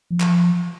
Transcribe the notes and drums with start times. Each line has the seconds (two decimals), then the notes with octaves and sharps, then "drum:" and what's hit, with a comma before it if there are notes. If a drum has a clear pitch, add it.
0.10 F3
0.20 drum: clap